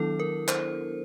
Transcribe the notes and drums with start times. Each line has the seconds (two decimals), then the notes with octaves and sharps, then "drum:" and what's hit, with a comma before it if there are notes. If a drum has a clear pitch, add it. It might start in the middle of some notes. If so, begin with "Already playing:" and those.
Already playing: D#3 F#3 B3 D4 E4 A4
0.20 A#4
0.48 C5, drum: clap